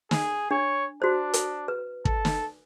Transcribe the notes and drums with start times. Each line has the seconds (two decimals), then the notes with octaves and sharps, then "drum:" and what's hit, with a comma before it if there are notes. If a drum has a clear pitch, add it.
0.11 G#4, drum: snare
0.51 D4 C#5
1.02 D4 F#4 C5
1.34 drum: hi-hat
1.68 B4
2.05 A4, drum: kick
2.25 drum: snare